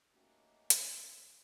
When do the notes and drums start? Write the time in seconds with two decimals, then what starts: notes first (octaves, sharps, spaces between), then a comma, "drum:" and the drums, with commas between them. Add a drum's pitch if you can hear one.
0.14 A3 A#3 C#4 D#4 F#4 G4
0.70 drum: hi-hat